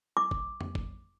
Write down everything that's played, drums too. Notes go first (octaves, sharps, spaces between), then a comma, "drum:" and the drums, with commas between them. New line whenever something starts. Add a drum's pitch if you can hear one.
D6
drum: kick
drum: tom F2
drum: kick